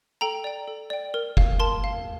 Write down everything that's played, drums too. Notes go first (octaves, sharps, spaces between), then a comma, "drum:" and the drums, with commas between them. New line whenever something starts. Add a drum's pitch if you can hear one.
A4 G5 A#5
D5 G5
A4
D5 G5
A#4
F5, drum: kick F#1
A#4 A5 C6
F5